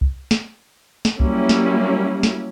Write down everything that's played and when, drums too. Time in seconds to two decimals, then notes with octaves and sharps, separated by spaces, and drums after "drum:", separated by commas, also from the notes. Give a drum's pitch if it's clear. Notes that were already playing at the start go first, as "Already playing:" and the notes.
0.01 drum: kick C2
0.31 drum: snare
1.05 drum: snare
1.20 F#3 G3 A#3 C#4 E4, drum: kick C2
1.49 drum: snare
2.23 drum: snare